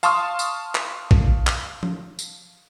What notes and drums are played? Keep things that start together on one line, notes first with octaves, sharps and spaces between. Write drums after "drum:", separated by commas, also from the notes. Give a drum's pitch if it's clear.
F5 A5 C6 C#6 D#6 F6, drum: tambourine
drum: tambourine
drum: clap
drum: kick A#1
drum: clap
drum: tom F3
drum: tambourine